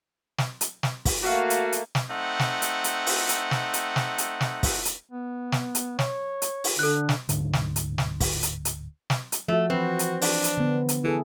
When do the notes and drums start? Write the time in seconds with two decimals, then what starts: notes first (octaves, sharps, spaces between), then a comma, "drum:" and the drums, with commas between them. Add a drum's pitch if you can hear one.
0.38 drum: snare
0.61 drum: hi-hat
0.83 drum: snare
1.05 drum: kick, open hi-hat
1.23 A3 A#3 F#4 F5
1.50 drum: hi-hat
1.72 drum: hi-hat
1.95 drum: snare
2.11 A3 C4 D#4 F#5
2.39 drum: snare
2.62 drum: hi-hat
2.84 drum: hi-hat
3.07 drum: open hi-hat
3.29 drum: hi-hat
3.51 drum: snare
3.74 drum: hi-hat
3.96 drum: snare
4.18 drum: hi-hat
4.41 drum: snare
4.63 drum: kick, open hi-hat
4.85 drum: hi-hat
5.11 B3
5.52 drum: snare
5.75 drum: hi-hat
5.99 C#5, drum: snare
6.42 drum: hi-hat
6.64 drum: open hi-hat
6.79 D3 A4 F#6
7.09 drum: snare
7.29 D1 G#2 D3, drum: hi-hat
7.53 drum: snare
7.76 drum: hi-hat
7.98 drum: snare
8.20 drum: kick, open hi-hat
8.43 drum: hi-hat
8.65 drum: hi-hat
9.10 drum: snare
9.32 drum: hi-hat
9.48 F3 A3 F#4
9.70 E3 C4 F#4 B4
9.99 drum: hi-hat
10.22 D4, drum: open hi-hat
10.44 drum: hi-hat
10.57 D3 B3
10.89 drum: hi-hat
11.04 E3 E4 G#4 A4